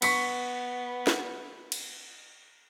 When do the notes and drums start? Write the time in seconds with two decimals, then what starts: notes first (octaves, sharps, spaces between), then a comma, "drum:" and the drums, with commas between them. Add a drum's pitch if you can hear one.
0.02 B3 C#6 B6 C#7, drum: cymbal
1.07 drum: snare
1.72 drum: cymbal